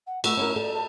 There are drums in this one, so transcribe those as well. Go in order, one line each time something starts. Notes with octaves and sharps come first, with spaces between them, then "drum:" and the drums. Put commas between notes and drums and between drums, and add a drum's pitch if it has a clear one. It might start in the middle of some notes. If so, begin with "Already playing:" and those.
F#5
A3 F#4 E6, drum: cymbal
C#4 E4 A#4
A4 D5
A5